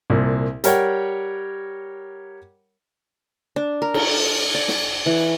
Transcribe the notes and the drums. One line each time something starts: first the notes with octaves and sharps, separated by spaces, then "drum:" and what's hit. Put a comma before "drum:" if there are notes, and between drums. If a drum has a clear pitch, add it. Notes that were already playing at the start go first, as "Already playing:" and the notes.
C2 A#2
G3 A#4 C#5 F#5 G5, drum: hi-hat
D4
A#4
A4, drum: cymbal
D5
drum: snare
E3